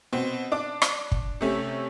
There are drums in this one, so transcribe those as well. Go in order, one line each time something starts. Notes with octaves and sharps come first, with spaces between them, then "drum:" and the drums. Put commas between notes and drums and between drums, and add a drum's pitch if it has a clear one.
B2 C4
D4 D6
drum: rim click
drum: kick
C3 A3 C#4